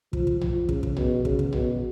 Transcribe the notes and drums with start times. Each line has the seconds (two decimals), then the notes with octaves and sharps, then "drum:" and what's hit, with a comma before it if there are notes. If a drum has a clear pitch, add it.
0.13 F3, drum: kick
0.27 drum: kick
0.41 F3, drum: tom A#1
0.69 C#3, drum: kick
0.83 drum: kick
0.97 B2, drum: tom A#1
1.25 C#3, drum: kick
1.39 drum: kick
1.53 B2, drum: tom A#1